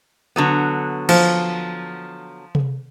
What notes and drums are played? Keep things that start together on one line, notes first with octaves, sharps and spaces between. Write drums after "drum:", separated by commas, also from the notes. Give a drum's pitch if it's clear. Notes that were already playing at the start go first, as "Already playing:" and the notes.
D3 F#3 B3
F3, drum: cymbal
drum: tom C3